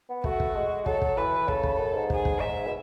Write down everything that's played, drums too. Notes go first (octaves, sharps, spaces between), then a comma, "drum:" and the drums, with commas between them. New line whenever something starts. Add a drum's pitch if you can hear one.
B3
A3 F#4, drum: kick
drum: kick
G#3
F#3 A4, drum: kick
drum: kick
E3 B4
C#3 A4, drum: kick
drum: kick
F#2
G#2
G#4, drum: kick
drum: kick
G#2 E5
B2